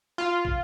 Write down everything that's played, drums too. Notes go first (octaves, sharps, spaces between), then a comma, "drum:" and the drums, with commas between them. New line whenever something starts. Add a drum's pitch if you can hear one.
F4
drum: kick